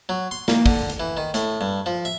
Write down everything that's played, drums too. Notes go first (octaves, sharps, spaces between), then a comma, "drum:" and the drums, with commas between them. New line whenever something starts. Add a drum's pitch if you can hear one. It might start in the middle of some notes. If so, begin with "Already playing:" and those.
F#3
C6
A#3, drum: snare
D3, drum: kick, open hi-hat
drum: hi-hat
E3
D#3
A2, drum: hi-hat
G2
F3
E5